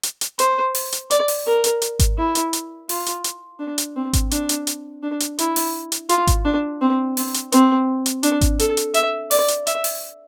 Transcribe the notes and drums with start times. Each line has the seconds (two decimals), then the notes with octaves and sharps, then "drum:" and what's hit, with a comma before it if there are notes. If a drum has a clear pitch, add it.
0.03 drum: hi-hat
0.21 drum: hi-hat
0.39 C5, drum: hi-hat
0.75 drum: open hi-hat
0.92 drum: hi-hat
1.11 D5, drum: hi-hat
1.28 drum: open hi-hat
1.46 A#4
1.64 drum: hi-hat
1.82 drum: hi-hat
1.99 drum: kick G#1, hi-hat
2.18 E4
2.35 drum: hi-hat
2.53 drum: hi-hat
2.89 F4, drum: open hi-hat
3.06 drum: hi-hat
3.24 drum: hi-hat
3.59 D4
3.78 drum: hi-hat
3.96 C4
4.13 drum: kick G#1, hi-hat
4.31 D4, drum: hi-hat
4.49 drum: hi-hat
4.67 drum: hi-hat
5.03 D4
5.20 drum: hi-hat
5.39 E4, drum: hi-hat
5.56 drum: open hi-hat
5.92 drum: hi-hat
6.09 F4, drum: hi-hat
6.27 drum: kick G#1, hi-hat
6.45 D4
6.81 C4
7.17 C4, drum: open hi-hat
7.34 drum: hi-hat
7.52 C4, drum: hi-hat
8.06 drum: hi-hat
8.23 D4, drum: hi-hat
8.41 drum: kick G#1, hi-hat
8.59 A4, drum: hi-hat
8.77 drum: hi-hat
8.94 E5, drum: hi-hat
9.31 D5, drum: open hi-hat
9.48 drum: hi-hat
9.67 E5, drum: hi-hat
9.84 drum: open hi-hat